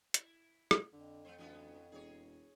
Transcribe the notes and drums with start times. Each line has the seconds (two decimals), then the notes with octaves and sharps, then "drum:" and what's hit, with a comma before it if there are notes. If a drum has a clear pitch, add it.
0.14 E4, drum: hi-hat
0.71 drum: rim click
0.93 F2 D3
1.25 F3 A3 C5
1.38 D2 E3 B3 C#4
1.92 E1 G#4 C#5